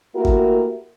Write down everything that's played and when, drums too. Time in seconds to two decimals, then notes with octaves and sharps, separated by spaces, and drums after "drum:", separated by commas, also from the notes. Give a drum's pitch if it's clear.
0.15 A3 A#3 E4 F#4 G4 A#4
0.25 drum: kick G1